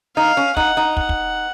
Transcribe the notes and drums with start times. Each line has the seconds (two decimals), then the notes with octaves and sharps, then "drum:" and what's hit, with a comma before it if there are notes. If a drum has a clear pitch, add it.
0.17 D#4 F5
0.37 C#4
0.57 D#4 F#5, drum: kick
0.77 D#4
0.97 F#5, drum: kick
1.09 drum: kick